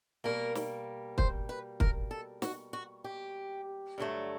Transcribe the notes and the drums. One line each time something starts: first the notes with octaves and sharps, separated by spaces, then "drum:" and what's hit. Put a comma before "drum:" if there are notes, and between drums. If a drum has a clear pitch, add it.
B2 G3 A#3 A#4
drum: snare
C5, drum: kick
B4
A#4, drum: kick
A4
F#4, drum: snare
F#4
G4
G2 D3 F#3 A3